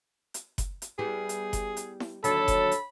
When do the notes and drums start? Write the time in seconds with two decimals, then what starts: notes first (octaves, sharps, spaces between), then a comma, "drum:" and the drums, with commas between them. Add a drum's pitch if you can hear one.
0.34 drum: hi-hat
0.58 drum: kick F#1, hi-hat
0.82 drum: hi-hat
0.99 G3 B3 E4 G#4
1.29 drum: hi-hat
1.53 drum: kick F#1, hi-hat
1.77 drum: hi-hat
2.00 drum: snare E4
2.24 D#2 D3 F#3 A4 B5, drum: hi-hat
2.48 drum: kick F#1, hi-hat
2.71 drum: hi-hat